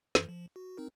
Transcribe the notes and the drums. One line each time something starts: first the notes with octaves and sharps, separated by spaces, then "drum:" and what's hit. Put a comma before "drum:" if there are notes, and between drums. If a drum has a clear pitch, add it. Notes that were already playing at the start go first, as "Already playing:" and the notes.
F#2 E3, drum: snare
F3
F#4
C4 D#4 A#4